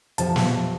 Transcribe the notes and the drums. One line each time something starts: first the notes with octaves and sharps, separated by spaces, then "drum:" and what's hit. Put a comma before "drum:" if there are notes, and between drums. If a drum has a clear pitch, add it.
F2 C3 F3 A5, drum: hi-hat
drum: snare